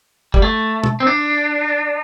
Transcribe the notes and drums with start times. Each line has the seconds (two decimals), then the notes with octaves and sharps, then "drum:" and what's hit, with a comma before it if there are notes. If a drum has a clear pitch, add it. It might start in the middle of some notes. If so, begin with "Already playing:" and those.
0.34 G3, drum: kick
0.42 A3
0.84 drum: tom
1.00 C4
1.07 D4